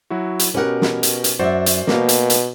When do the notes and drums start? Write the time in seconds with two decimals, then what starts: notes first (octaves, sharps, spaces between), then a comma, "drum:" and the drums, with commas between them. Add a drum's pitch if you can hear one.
0.10 F#3 E4 F#4
0.39 drum: hi-hat
0.55 B2 C#4 G4 A#4 B4 F#5
0.82 drum: snare
1.03 drum: hi-hat
1.24 drum: hi-hat
1.39 F#2 F#4 C5 D5 E5
1.66 drum: hi-hat
1.87 B2 A#3 F5, drum: snare
2.09 drum: hi-hat
2.30 drum: hi-hat